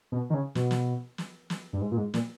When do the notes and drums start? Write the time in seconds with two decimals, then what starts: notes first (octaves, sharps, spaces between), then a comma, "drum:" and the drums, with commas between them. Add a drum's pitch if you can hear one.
0.12 B2
0.30 D#3
0.34 C#3
0.55 B2, drum: snare
0.71 drum: snare
1.18 drum: snare
1.50 drum: snare
1.73 G2
1.81 G#2
1.91 A#2
1.97 G#2
2.14 A#2, drum: snare